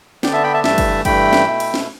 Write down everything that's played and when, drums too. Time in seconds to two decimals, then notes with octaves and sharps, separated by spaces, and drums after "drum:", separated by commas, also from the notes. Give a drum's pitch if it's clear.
0.23 D3 B3 D4 D5 G5, drum: snare
0.33 E5 A5
0.43 G5 B5
0.54 E5 A5
0.64 G2 E3 A3 E5 A5, drum: snare
0.78 drum: kick, cymbal
1.05 G2 E3 A3 G5 B5, drum: kick, cymbal
1.33 drum: snare
1.47 B2 A3 E4
1.60 drum: cymbal
1.74 drum: snare